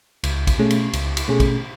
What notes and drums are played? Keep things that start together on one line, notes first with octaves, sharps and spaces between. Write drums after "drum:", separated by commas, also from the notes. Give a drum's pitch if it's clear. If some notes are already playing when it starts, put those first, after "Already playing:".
C#2, drum: cymbal
drum: kick, cymbal
B2 A3 C#4 G#4
drum: cymbal
C#2, drum: cymbal
drum: cymbal
B2 A3 C#4 G#4
drum: kick, cymbal